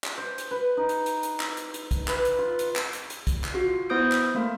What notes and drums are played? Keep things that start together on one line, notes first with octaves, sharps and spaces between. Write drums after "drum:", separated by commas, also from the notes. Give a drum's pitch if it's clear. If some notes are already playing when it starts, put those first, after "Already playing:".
drum: clap
C5
drum: hi-hat
B4
D#4
drum: hi-hat
drum: hi-hat
drum: hi-hat
drum: clap
drum: hi-hat
drum: hi-hat
drum: kick, hi-hat
B4, drum: clap
drum: hi-hat
F4
drum: hi-hat
drum: clap
drum: hi-hat
drum: hi-hat
drum: kick, hi-hat
drum: clap
F4 F#4
B3 E4 C5 D#6 G6 D7
drum: clap
A3 A#3 A#4